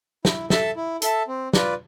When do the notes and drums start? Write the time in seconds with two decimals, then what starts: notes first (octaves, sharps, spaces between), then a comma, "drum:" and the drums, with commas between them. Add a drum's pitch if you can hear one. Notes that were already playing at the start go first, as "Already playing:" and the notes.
0.25 E4, drum: snare
0.50 A4 E5 A5, drum: snare
0.76 E4
1.02 A4 E5 A5, drum: hi-hat
1.28 C4
1.53 F4 B4 D5, drum: snare